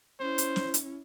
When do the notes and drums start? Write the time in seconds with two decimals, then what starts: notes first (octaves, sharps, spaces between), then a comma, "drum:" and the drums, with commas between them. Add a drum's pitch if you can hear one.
0.20 C#4 E4 C5
0.38 drum: hi-hat
0.56 drum: snare
0.74 drum: hi-hat